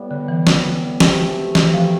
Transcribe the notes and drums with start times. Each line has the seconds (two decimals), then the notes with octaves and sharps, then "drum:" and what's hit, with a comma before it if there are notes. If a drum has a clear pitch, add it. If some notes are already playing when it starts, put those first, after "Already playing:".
Already playing: A2 G3 B3
0.11 D3
0.28 E3
0.47 drum: snare
1.00 B2 A3 C4 G4, drum: snare
1.55 E3, drum: snare
1.74 F3